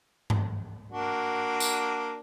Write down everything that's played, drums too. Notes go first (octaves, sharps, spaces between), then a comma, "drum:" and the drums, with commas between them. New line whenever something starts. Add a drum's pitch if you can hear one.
drum: tom G2
A#3 D4 F#4
drum: tambourine